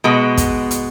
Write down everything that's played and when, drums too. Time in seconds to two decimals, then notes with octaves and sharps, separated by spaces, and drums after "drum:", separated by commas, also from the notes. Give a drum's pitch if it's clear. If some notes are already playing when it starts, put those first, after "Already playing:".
0.04 B2 G#3 B3
0.37 drum: kick, hi-hat
0.71 drum: hi-hat